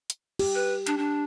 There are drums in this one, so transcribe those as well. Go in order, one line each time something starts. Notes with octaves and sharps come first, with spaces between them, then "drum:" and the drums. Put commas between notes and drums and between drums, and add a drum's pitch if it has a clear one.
drum: hi-hat
G4, drum: cymbal
B4
D4, drum: hi-hat
D4